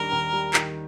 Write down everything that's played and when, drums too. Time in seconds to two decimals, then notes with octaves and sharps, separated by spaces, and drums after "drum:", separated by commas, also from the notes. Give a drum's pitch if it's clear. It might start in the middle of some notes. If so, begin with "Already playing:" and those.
Already playing: D#2 D#3 G3 D4 A#4
0.12 D#2
0.33 G3
0.54 D#3, drum: clap